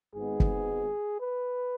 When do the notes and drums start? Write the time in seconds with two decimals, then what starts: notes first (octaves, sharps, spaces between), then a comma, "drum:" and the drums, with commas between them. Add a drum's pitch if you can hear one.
0.14 G#1 G#2 G#3 B3 G#4
0.40 drum: kick
1.19 B4